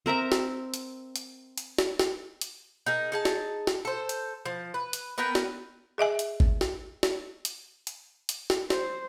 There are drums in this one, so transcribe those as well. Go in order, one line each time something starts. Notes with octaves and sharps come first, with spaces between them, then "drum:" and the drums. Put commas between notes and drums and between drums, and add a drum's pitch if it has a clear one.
C4 A#4 E5 A#5
drum: snare
drum: hi-hat
drum: hi-hat
drum: hi-hat
drum: snare
drum: snare
drum: hi-hat
D#4 G#4 A#4
D#4 G#4 A5
drum: snare
drum: snare
A4 C5
drum: hi-hat
F3
B4
drum: hi-hat
B3 A#4 B4 G5
drum: snare
G#4 D#5 E5 G#5
drum: hi-hat
drum: kick G#1
drum: snare
drum: snare
drum: hi-hat
drum: hi-hat
drum: hi-hat
drum: snare
C5, drum: snare